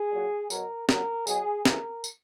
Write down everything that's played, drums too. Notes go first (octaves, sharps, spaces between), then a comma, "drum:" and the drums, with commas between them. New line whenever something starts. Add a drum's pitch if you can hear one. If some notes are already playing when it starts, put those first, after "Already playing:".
Already playing: G#4
A#2 F#3
B2 F#3 A#4, drum: tambourine
A#2 F#3 A#4, drum: snare
B2 F#3 G#4, drum: tambourine
C#3 E3 A#4, drum: snare
drum: tambourine